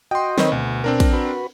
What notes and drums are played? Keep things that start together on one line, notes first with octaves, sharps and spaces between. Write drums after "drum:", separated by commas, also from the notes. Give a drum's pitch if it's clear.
F#4 D#5 G5 C6
D#3 C4 B4 C#5 D#5, drum: snare
D2 B2
C4 D4 A#4
drum: kick, cymbal
F#4 B4